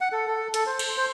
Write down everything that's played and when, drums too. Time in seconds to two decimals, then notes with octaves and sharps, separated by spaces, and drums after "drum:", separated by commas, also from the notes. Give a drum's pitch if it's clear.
0.01 F#5
0.12 A4
0.27 A4
0.54 A4, drum: hi-hat
0.66 C5
0.79 drum: cymbal
0.97 C5